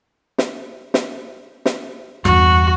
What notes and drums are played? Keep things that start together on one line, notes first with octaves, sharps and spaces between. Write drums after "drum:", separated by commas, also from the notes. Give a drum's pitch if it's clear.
drum: snare
drum: snare
drum: snare
E2 G2 F#4, drum: rim click